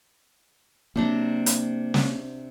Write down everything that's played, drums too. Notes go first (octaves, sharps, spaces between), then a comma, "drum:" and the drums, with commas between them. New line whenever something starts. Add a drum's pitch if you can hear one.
C3 F#3 A#3 D4 A#5
drum: hi-hat
drum: snare